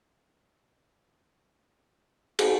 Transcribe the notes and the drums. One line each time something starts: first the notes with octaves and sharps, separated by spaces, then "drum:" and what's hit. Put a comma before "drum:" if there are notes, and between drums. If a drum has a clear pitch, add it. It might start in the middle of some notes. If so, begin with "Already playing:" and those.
Already playing: B2 F#3
C#4
B3
B2 F#3 D4
D4
F#4
drum: cymbal